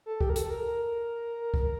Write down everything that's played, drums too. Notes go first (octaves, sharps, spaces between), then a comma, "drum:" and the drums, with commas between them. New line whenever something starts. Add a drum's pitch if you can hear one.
A4
G4, drum: kick
A#4
A4, drum: hi-hat
A#4
drum: kick